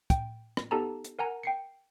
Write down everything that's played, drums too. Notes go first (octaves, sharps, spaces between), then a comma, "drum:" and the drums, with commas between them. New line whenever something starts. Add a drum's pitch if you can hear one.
G5, drum: kick, hi-hat
drum: rim click
B3 D#4 G4 A4 A5 A#5
drum: hi-hat
A#4 F#5 G#5 A#5
G5 C7 C#7